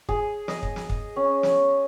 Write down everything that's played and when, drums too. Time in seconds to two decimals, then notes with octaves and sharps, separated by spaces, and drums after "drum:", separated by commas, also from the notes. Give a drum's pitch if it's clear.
0.09 G#4, drum: kick
0.48 D#5, drum: snare
0.63 drum: kick
0.76 drum: snare
0.89 drum: kick
1.16 C#4
1.43 drum: snare